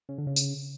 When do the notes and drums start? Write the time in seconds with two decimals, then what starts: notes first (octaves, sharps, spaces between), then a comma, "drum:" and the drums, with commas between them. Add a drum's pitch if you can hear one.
0.09 C#3
0.18 D3
0.27 C#3
0.36 drum: tambourine